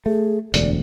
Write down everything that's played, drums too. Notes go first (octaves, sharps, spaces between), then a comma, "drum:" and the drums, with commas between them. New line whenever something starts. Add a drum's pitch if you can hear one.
A3 G#4
E1 D2 D5, drum: hi-hat